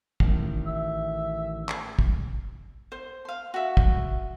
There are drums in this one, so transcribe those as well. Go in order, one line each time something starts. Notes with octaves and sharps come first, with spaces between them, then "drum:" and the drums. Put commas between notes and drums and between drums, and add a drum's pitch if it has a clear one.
A1 D#3, drum: kick
E5
drum: clap
drum: kick
C5
F5 C6
F#4 E5
drum: kick